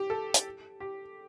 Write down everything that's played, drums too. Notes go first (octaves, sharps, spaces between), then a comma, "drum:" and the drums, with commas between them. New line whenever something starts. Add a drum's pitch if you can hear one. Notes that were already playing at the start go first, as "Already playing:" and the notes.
Already playing: G4
A4
drum: hi-hat
G4